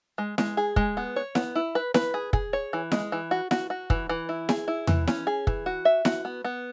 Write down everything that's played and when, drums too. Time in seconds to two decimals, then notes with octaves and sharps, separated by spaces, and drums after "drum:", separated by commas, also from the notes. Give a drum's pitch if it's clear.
0.18 G#3
0.38 G#3, drum: snare E4
0.57 G#4
0.76 G#3, drum: kick
0.97 B3
1.16 C#5
1.35 B3, drum: snare E4
1.55 E4
1.75 B4
1.94 B4, drum: snare E4
2.14 G#4
2.33 G#4, drum: kick
2.53 C#5
2.73 E3
2.92 G#3, drum: snare E4
3.12 E3
3.31 F#4
3.51 F#4, drum: snare E4
3.70 F#4
3.90 E3, drum: kick
4.09 E3
4.29 E4
4.49 G#4, drum: snare E4
4.68 E4
4.87 E3, drum: tom E2
5.07 C#4, drum: snare E4
5.27 G#4
5.47 E3, drum: kick
5.66 F#4
5.85 E5
6.05 F#4, drum: snare E4
6.25 B3
6.44 B3